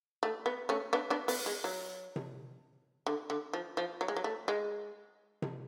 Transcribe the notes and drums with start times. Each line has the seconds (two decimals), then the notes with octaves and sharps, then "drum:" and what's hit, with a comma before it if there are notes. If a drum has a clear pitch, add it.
0.23 A3
0.46 B3
0.69 A3 C#4
0.93 B3 D4
1.10 B3 D4
1.28 B3, drum: open hi-hat
1.46 G#3
1.64 F#3
2.16 drum: tom C3
3.07 D3
3.30 D3
3.53 F3
3.77 F3
4.01 F#3
4.08 G#3
4.16 F#3
4.24 A3
4.48 G#3
5.42 drum: tom C3